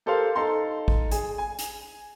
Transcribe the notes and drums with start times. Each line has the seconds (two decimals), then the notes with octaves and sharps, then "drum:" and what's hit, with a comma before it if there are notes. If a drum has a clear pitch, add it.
0.06 G4 A4 A#4 C5 F5 A5
0.36 D#4 A4 F5 A#5 C6
0.88 drum: kick
1.11 G#4, drum: hi-hat
1.38 G#5
1.59 drum: hi-hat